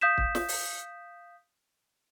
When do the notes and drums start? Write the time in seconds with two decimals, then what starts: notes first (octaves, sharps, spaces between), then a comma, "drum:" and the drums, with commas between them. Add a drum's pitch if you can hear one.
0.01 F5 D#6 G6 B6 E7
0.18 drum: kick
0.35 drum: snare
0.48 drum: open hi-hat